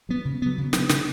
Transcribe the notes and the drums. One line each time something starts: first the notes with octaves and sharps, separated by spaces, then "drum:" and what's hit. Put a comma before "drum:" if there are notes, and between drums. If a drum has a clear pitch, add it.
F#3 B3
C#3
F#3 B3
C#3
F#3 B3, drum: snare
C#3, drum: snare